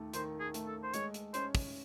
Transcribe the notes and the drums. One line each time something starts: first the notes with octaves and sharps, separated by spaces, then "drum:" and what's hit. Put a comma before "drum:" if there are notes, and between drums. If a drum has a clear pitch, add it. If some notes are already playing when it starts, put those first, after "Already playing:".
Already playing: D#2 A3
D#3 C5, drum: hi-hat
G#4
A3, drum: hi-hat
A4
C5
G#3 C#5, drum: hi-hat
drum: hi-hat
C#4 C5, drum: hi-hat
drum: kick, open hi-hat